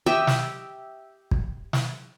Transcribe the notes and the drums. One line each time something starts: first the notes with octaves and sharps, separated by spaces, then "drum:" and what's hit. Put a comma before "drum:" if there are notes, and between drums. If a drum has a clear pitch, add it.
G4 D#5 E5
drum: snare
drum: kick
drum: snare